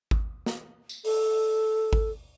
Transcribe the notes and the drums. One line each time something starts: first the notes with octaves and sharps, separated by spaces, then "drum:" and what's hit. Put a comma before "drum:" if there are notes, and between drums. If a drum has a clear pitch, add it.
drum: kick G#1
drum: snare
drum: tambourine
A4, drum: open hi-hat
drum: kick G#1